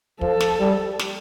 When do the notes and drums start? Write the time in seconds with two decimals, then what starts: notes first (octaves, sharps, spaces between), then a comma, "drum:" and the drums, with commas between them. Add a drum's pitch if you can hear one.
0.21 F3 A4, drum: kick
0.40 drum: snare
0.60 G3
0.99 drum: snare